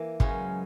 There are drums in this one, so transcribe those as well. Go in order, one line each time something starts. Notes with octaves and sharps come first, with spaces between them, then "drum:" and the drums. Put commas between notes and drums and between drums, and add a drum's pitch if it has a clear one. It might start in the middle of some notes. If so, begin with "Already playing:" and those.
Already playing: E3 A#3
F#2 C#3 F#3 G#3 C#4, drum: kick